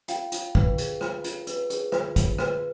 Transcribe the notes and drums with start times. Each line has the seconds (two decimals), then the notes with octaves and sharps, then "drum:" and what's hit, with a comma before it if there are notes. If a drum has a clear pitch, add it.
0.08 F4 F5 G5, drum: hi-hat
0.32 F4, drum: hi-hat
0.55 B4, drum: kick
0.78 G#4, drum: hi-hat
1.01 F4, drum: rim click
1.24 F4, drum: hi-hat
1.47 B4, drum: hi-hat
1.70 G#4, drum: hi-hat
1.92 F4, drum: rim click
2.16 F4, drum: kick, hi-hat
2.38 B4, drum: rim click